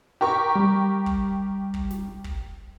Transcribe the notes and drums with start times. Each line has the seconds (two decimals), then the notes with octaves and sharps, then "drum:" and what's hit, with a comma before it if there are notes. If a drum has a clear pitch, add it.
0.21 G4 A#4 C#6
0.56 G3
1.06 drum: kick
1.74 drum: kick
1.91 drum: snare
2.24 drum: kick